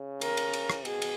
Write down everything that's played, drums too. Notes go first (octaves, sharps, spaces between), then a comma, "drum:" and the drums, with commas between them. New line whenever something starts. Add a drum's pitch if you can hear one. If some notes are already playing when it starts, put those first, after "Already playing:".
Already playing: C#3
A#4, drum: cymbal
drum: cymbal
drum: cymbal
drum: rim click
B2 G#4, drum: cymbal
drum: cymbal